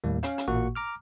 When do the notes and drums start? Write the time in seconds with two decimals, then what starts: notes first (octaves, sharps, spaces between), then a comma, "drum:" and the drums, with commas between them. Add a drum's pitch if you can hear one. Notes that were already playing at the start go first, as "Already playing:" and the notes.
0.04 D#2 A2 G3 A#3
0.23 C#4 F5, drum: hi-hat
0.38 drum: hi-hat
0.48 A1 A#2 A#3 F#4 F#5 C#6
0.76 A#5 D6 F6